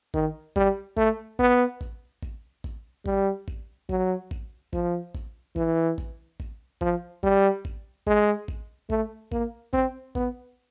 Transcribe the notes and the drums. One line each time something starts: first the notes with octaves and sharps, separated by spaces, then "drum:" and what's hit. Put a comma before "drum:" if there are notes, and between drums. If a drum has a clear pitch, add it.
D#3, drum: kick A1
G3, drum: kick A1
A3, drum: kick A1
B3, drum: kick A1
drum: kick A1
drum: kick A1
drum: kick A1
G3, drum: kick A1
drum: kick A1
F#3, drum: kick A1
drum: kick A1
F3, drum: kick A1
drum: kick A1
E3, drum: kick A1
drum: kick A1
drum: kick A1
F3, drum: kick A1
G3, drum: kick A1
drum: kick A1
G#3, drum: kick A1
drum: kick A1
A3, drum: kick A1
A#3, drum: kick A1
C4, drum: kick A1
B3, drum: kick A1